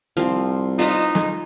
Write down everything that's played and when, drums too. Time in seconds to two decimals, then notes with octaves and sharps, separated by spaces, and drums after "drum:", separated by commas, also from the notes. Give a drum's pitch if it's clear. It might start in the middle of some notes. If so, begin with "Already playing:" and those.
0.17 C2 F3 C4
0.79 D#4 F4 B4 D#5, drum: open hi-hat
1.15 drum: snare